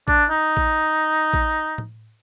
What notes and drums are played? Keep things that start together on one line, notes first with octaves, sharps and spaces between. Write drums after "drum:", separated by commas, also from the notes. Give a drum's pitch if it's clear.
D4, drum: kick A1
D#4
drum: kick A1
drum: kick A1
drum: tom A2